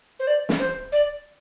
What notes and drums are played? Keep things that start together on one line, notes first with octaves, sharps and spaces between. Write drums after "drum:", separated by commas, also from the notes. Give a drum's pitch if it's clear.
C5
D5
drum: snare
C5
D5